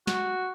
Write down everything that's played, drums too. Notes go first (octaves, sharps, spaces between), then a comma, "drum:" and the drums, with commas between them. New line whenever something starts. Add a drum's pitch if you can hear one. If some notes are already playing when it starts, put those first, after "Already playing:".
F#4, drum: snare